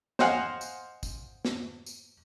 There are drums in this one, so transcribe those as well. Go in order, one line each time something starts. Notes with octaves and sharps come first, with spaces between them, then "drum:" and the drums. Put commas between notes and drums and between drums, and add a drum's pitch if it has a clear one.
C5 D#5 F5 F#5 G#5, drum: snare
drum: tambourine
drum: kick, tambourine
drum: snare
drum: tambourine